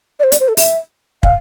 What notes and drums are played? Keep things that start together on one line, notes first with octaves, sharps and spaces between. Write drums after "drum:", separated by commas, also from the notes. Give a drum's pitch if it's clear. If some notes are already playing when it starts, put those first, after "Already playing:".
D5
C5
D5, drum: hi-hat
C5
A4
E5, drum: open hi-hat
F5, drum: kick